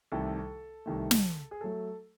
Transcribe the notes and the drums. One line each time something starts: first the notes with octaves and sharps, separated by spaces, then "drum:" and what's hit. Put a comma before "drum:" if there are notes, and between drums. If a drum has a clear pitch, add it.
C2 C3 D#3 A3 A4
C2 C3 D#3 A3
drum: snare
G#4
F#3 A3 A4